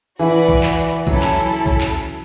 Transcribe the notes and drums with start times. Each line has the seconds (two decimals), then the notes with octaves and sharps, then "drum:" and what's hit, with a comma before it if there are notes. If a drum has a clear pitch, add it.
0.19 E3 F#4 B4 D5, drum: tambourine
0.34 drum: tambourine
0.49 drum: kick A#1, tambourine
0.63 drum: clap
0.78 drum: tambourine
0.93 drum: tambourine
1.07 F#3 C#4 E4 A4, drum: kick A#1, tambourine
1.22 drum: clap
1.37 drum: tambourine
1.66 drum: kick A#1, tambourine
1.81 drum: clap
1.95 drum: tambourine